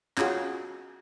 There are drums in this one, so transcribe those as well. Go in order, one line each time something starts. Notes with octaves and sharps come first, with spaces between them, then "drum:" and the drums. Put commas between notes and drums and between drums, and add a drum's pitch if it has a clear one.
C#4 F4 F#4 G#4, drum: clap